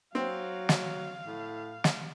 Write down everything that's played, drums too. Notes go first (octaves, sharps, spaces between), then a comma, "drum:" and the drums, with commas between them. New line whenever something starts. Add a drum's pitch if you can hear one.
F#3 C4 F5
drum: snare
A2
drum: snare